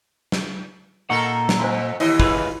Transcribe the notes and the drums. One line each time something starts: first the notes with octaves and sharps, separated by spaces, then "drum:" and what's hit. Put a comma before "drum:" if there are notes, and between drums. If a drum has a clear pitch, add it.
drum: snare
A#2 D#4 A4 A#4 F#5 C#6
drum: snare
F2 C5 G#5 C6
D#2 E3 E4 C#5 D#5, drum: open hi-hat
F4 G#4 B4 C6, drum: kick